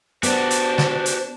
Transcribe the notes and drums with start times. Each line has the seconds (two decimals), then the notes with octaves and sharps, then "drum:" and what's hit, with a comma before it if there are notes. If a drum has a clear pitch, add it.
0.23 B3 D4 F#4 G4 C5 D5, drum: hi-hat
0.51 drum: hi-hat
0.78 drum: snare
1.06 drum: hi-hat